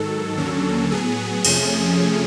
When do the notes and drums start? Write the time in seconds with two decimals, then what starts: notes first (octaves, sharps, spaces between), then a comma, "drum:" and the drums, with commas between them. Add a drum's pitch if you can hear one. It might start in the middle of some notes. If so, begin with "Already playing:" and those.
Already playing: G#2 D#3 F#3 A4
0.37 D#2 D3 F#3 A#3 C#4
0.91 A2 F#3 B3 G#4
1.45 F2 C3 F3 A3 C#4, drum: cymbal